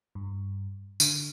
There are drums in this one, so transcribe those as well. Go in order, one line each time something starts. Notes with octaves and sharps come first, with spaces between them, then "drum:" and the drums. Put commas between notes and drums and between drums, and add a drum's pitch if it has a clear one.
G2
D3, drum: tambourine